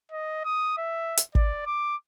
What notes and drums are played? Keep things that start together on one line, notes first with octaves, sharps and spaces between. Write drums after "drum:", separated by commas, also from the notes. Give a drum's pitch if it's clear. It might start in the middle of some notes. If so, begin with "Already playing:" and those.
D#5
D#6
E5
drum: hi-hat
D5, drum: kick
D6